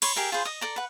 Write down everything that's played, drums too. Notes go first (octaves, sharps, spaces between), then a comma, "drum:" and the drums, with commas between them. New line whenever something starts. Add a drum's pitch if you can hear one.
C#5 B5 C6, drum: cymbal
G4 G#4 A#4 E5
F4 G#4 B4 C5
D#5 D#6
A4 D5 A#5
B4 F#5